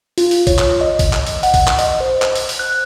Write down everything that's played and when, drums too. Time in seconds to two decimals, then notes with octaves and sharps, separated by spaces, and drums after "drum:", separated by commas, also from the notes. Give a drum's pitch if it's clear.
0.18 F4, drum: open hi-hat
0.31 drum: open hi-hat
0.47 C#5, drum: kick, open hi-hat
0.58 drum: clap
0.81 D#5
0.99 drum: kick, open hi-hat
1.13 drum: clap
1.27 drum: open hi-hat
1.43 F#5, drum: open hi-hat
1.54 drum: kick, open hi-hat
1.67 drum: clap
1.79 D#5, drum: open hi-hat
2.01 C5
2.22 drum: clap
2.35 drum: open hi-hat
2.49 drum: open hi-hat
2.59 F#6